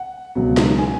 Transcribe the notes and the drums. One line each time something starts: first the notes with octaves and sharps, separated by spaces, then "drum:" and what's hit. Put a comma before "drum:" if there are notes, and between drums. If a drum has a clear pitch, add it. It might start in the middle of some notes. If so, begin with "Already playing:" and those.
Already playing: F#5
C#2 B2 F#3
drum: snare
G#5